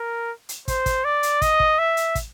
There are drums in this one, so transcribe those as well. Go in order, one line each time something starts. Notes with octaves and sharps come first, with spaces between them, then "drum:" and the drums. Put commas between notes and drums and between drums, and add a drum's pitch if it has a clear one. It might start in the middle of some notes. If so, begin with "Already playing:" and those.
Already playing: A#4
drum: hi-hat
C5, drum: kick, hi-hat
drum: kick, hi-hat
D5
drum: hi-hat
D#5, drum: kick, hi-hat
drum: kick
E5
drum: hi-hat
drum: kick, hi-hat